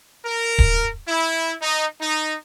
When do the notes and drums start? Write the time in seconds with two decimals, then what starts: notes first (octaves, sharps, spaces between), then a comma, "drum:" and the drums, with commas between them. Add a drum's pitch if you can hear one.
0.24 A#4
0.59 drum: kick D1
1.08 E4
1.62 D#4
2.00 D#4